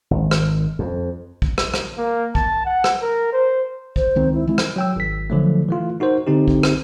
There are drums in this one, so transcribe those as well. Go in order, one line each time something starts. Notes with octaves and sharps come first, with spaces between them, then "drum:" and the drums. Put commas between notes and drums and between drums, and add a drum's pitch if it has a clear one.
G#1
drum: rim click
F2
drum: kick A#1
drum: rim click
drum: rim click
A#3
A5, drum: kick A#1
F#5
drum: rim click
A#4
C5
C5, drum: kick A#1
C#2 D#3 C4
E4
E3 G#3 C4 E4
drum: rim click
F#3 G5 E6
G#1 B6
D3 F3 F#3 A3
E3 A3 F4
D#4 F#4 A#4 C5
D3 C4 D#4 G4
drum: kick A#1
drum: rim click